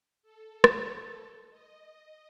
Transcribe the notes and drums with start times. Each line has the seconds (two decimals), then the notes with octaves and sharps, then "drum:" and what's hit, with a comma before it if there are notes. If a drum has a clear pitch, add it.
0.23 A4
0.64 drum: rim click
1.50 D#5